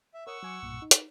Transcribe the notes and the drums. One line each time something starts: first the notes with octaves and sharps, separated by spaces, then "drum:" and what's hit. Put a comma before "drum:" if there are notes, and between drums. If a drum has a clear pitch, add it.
E5
A#4 C#5 F#5 C#6 D#6 E6
F#3 G#5 D6
B1 G2 A#2
D#4
drum: hi-hat